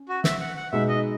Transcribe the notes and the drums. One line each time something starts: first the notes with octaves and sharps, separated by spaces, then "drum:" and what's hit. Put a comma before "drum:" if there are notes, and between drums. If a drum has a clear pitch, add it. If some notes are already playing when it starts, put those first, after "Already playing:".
Already playing: C#4
F#4
E5, drum: snare
F#5
F#5
B2 G#3 D#4 E5
D#5